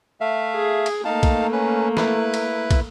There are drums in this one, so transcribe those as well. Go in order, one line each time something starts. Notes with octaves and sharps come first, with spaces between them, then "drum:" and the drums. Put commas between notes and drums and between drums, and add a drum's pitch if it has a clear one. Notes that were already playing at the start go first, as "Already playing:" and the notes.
A3 E5 F5
G#4
drum: cymbal
A3 A#3 D#4 F5 A5
drum: kick, cymbal
C#4 B4
E4 B4, drum: snare
drum: cymbal
drum: kick, cymbal